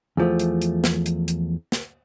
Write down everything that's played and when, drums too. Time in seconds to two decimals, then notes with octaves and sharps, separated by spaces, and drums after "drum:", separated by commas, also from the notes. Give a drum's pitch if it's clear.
0.17 E2 F3 A3
0.39 drum: hi-hat
0.62 drum: hi-hat
0.84 drum: snare
1.06 drum: hi-hat
1.28 drum: hi-hat
1.72 drum: snare